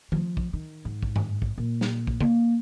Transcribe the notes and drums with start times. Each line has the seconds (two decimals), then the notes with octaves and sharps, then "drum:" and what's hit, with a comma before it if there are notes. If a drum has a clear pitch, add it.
0.12 F3, drum: tom D#3
0.37 drum: kick
0.53 D#3
0.85 G#2
1.03 drum: kick
1.16 drum: tom G2
1.42 drum: kick
1.58 A#2
1.81 drum: snare
2.07 drum: kick
2.21 A#3, drum: tom C#3